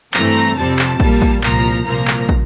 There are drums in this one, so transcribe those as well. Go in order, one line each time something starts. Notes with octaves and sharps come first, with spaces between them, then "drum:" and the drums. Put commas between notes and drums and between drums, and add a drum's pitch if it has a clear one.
G2 E3 A3 C4 A#5, drum: clap
F2 C3 G3 C4 A5
drum: clap
A#2 G3 A#3, drum: kick
drum: kick
C2 A#2 F3 A#5, drum: clap
C2 A#2 F3 A#3 A#5
drum: clap
drum: kick